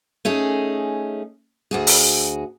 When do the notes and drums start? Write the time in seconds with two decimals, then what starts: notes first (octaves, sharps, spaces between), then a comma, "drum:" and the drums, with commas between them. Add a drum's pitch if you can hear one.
0.25 A3 C#4 D#4 G#4
1.71 D2 F#4 G#4
1.87 drum: open hi-hat